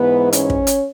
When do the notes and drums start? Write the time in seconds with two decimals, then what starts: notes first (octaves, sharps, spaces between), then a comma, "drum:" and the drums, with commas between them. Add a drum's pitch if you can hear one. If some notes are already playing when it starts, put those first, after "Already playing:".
Already playing: G#2 E3 B3 B4
0.33 C#4 C#5, drum: hi-hat
0.50 drum: kick
0.67 drum: hi-hat